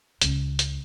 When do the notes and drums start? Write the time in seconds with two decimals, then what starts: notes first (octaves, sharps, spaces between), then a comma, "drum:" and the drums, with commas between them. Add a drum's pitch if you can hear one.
0.22 C#2 C#4, drum: hi-hat
0.59 drum: hi-hat